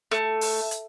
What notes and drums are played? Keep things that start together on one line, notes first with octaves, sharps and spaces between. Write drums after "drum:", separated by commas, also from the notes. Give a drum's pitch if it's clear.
A3, drum: rim click
drum: open hi-hat
drum: hi-hat